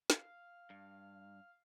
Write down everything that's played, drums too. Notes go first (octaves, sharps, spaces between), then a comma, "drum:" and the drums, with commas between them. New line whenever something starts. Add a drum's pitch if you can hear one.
F5, drum: snare
G2